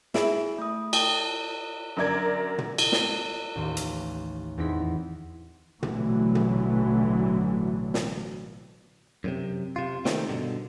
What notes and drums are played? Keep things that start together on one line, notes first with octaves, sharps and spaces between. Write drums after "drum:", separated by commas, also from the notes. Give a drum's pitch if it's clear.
E4 G#4 D7, drum: snare
A3 D#6
G5 A5 D#6, drum: cymbal
F#2 D3 A#4 D5 G#6 D7
drum: tom
drum: cymbal
drum: snare
A1 D#2 C6
drum: hi-hat
E2 C4 D#4 E4 B6
A1 B2 D3 E3 F#3 A3, drum: tom
drum: tom
drum: snare
F#2 A2 C3
C3 F4
C3 D#3 A3 C4, drum: snare
G2 B2 D3